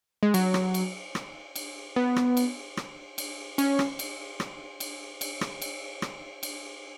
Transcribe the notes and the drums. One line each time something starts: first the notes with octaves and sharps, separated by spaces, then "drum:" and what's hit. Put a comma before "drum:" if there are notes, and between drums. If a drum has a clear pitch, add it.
G#3
F#3, drum: cymbal
drum: rim click
drum: cymbal
drum: rim click
drum: cymbal
B3
drum: rim click
drum: cymbal
drum: rim click
drum: cymbal
C#4, drum: cymbal
drum: rim click
drum: cymbal
drum: rim click
drum: cymbal
drum: cymbal
drum: rim click
drum: cymbal
drum: rim click
drum: cymbal